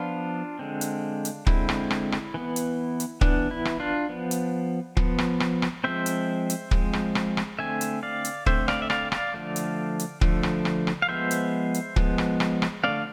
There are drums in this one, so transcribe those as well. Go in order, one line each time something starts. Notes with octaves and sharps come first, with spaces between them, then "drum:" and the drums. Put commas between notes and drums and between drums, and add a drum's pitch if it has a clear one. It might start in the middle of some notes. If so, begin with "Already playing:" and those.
Already playing: F3 B3 D4 F4
D3 G#3 C4
drum: hi-hat
drum: hi-hat
D3 G#3 C4 E4, drum: kick
drum: rim click
drum: rim click
drum: rim click
E3 B3
drum: hi-hat
drum: hi-hat
E3 B3 D4, drum: kick
E4
drum: rim click
D4 F4
F3 B3
drum: hi-hat
F3 B3, drum: kick
drum: rim click
drum: rim click
drum: rim click
F3 G#3 C4 C5 E5
drum: hi-hat
drum: hi-hat
F3 G#3 C4, drum: kick
drum: rim click
drum: rim click
drum: rim click
D3 A3 C4 E5 G#5
drum: hi-hat
D5 F5
drum: hi-hat
D3 A3 C4 C5 E5, drum: kick
D5 F5, drum: rim click
E5
D5 F5, drum: rim click
D5 F5, drum: rim click
D3 F3 A3
drum: hi-hat
drum: hi-hat
D3 F3 A3, drum: kick
drum: rim click
drum: rim click
drum: rim click
F5
F3 G#3 B3 C5 E5
drum: hi-hat
drum: hi-hat
F3 G#3 B3, drum: kick
drum: rim click
drum: rim click
drum: rim click
D3 A3 C4 D5 F5